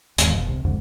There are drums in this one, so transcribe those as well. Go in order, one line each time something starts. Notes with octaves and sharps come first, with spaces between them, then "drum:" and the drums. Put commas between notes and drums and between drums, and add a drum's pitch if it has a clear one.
D#2 G#2 E3, drum: hi-hat
F1 B2
C2 C3
C2 F2 G#2 D3